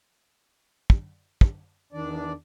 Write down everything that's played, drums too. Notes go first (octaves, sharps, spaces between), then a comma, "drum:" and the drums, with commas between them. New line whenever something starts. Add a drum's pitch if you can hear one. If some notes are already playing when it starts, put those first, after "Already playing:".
drum: kick
drum: kick
E2 D#3 D4 D5